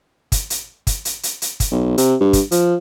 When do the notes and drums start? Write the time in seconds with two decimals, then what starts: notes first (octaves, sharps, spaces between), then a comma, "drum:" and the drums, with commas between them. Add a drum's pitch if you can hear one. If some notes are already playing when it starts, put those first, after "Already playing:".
0.32 drum: kick, hi-hat
0.50 drum: hi-hat
0.87 drum: kick, hi-hat
1.05 drum: hi-hat
1.23 drum: hi-hat
1.42 drum: hi-hat
1.60 drum: kick, hi-hat
1.71 B1
1.98 C3, drum: hi-hat
2.20 G2
2.33 drum: kick, hi-hat
2.51 F3, drum: hi-hat